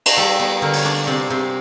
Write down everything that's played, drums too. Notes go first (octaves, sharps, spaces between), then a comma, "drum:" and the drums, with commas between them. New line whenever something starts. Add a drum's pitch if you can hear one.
drum: cymbal
G3 A4
B3
D3 A#4
C#5, drum: open hi-hat
D4 D5
C3 D5
C3